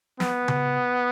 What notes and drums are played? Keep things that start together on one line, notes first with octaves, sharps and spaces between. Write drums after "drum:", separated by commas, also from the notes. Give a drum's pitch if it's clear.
B3, drum: snare
drum: tom C#3